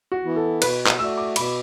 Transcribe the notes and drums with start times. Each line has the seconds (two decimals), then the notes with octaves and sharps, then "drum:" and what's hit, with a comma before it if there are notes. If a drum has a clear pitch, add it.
0.12 F#4
0.24 E3 B3 E4
0.36 A4
0.62 B2 B4, drum: cymbal
0.86 drum: clap
0.98 A3 F#4 D5 E6
1.17 D6
1.36 B2 B5, drum: cymbal